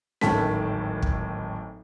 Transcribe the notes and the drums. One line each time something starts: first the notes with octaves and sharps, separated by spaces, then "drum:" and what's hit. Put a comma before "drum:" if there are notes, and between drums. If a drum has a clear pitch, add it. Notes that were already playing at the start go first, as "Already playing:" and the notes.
D1 G#1 A2 D#3 A5 B6, drum: snare C#4
drum: kick